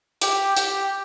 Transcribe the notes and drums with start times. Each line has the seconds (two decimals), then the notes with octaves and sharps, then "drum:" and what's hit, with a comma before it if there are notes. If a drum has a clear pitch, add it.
0.22 G4, drum: hi-hat
0.57 G4, drum: hi-hat